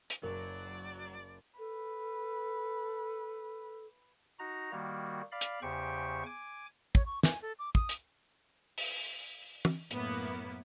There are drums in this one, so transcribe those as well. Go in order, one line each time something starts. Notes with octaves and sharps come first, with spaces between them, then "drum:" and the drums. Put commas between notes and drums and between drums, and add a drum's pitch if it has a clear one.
drum: hi-hat
F#1 F#3 A#4 D5
A4 B4
D#4 F#4 A#5 A#6
D#3 G3 A#3 F#4
D5 F5 B5
drum: hi-hat
E2 C#3 G4 C5 G5 C#6
G#5 D6
C#5, drum: kick
C#6
G#5, drum: snare
A4
D6
D#6, drum: kick
drum: hi-hat
drum: open hi-hat
drum: tom
F#2 A2 A#3 B3 E4, drum: hi-hat